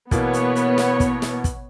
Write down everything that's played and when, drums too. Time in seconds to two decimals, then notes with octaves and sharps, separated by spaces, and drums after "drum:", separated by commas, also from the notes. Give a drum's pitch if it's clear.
0.11 B2 E3 A#3 B3 C#5, drum: kick, hi-hat
0.33 drum: hi-hat
0.56 drum: hi-hat
0.78 drum: snare
1.00 drum: kick, hi-hat
1.22 drum: snare
1.44 drum: kick, hi-hat